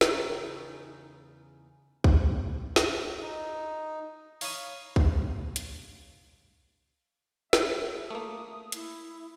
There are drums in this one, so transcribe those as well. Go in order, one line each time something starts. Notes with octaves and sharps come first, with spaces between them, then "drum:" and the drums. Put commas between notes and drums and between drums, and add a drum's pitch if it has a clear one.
E2 C#3 D#4 D5 G5 A#5 C#6, drum: snare
drum: kick
drum: snare
D#4
C#5 F5 A#5 B5 C#6 D#6, drum: open hi-hat
drum: kick
drum: hi-hat
E5, drum: snare
A3 A#3 D#6
E4, drum: hi-hat